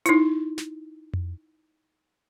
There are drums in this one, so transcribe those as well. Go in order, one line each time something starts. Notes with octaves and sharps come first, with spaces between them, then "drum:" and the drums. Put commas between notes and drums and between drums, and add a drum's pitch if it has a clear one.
D#4 E4, drum: hi-hat
drum: snare
drum: tom F2